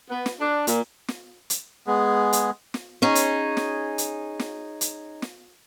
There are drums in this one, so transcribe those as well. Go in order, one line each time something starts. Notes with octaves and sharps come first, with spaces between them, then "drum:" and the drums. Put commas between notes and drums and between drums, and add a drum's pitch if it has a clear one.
B3
drum: snare
D4
A#2, drum: hi-hat
drum: snare
drum: hi-hat
G#3 B3 G#4
drum: hi-hat
drum: snare
C#4 D#4 G#4
drum: hi-hat
drum: snare
drum: hi-hat
drum: snare
drum: hi-hat
drum: snare